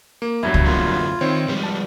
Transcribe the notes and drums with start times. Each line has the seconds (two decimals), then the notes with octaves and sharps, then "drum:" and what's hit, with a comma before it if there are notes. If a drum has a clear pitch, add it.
0.22 A#3
0.43 E2 G2 F#3 E5 B5 G#6
0.54 drum: kick
0.66 F#2 D3 A#3 F4
1.21 D#3 C4 C5 C#5
1.48 F3 G3 G#3 B4
1.64 A5